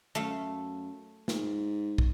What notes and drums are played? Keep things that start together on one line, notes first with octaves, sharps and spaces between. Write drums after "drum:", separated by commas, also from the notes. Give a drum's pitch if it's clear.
F#2 A3 F5
G#2, drum: snare
drum: kick